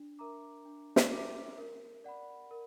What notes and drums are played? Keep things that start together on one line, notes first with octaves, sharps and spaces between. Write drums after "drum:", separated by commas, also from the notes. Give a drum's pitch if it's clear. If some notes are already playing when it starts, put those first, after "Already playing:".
Already playing: D4
A#4 E5 A#5 D6
D4
drum: snare
A#4 E5 A#5 D6
A#4
D5 F#5 B5
A#4